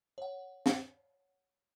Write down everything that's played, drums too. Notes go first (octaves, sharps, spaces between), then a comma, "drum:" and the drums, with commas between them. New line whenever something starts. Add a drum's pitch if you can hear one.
C#5 F#5
drum: snare